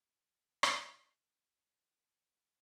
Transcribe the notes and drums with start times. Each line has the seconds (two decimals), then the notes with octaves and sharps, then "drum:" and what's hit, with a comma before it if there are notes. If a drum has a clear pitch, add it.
0.14 B5 C#6 F#6 G6
0.63 drum: rim click
1.59 F3 G#3 C4 D4